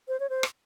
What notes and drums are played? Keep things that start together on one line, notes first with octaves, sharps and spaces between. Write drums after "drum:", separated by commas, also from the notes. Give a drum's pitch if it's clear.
C5
C#5
C5
drum: rim click